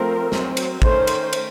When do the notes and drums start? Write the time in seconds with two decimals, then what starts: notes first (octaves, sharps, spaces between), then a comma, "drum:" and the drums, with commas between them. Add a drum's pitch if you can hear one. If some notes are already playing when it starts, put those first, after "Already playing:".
Already playing: F3 A3 C4 A#4
0.32 F#3 C4, drum: snare
0.57 drum: cymbal
0.82 D#3 A3 C#4 C5, drum: kick
1.07 drum: cymbal
1.33 drum: cymbal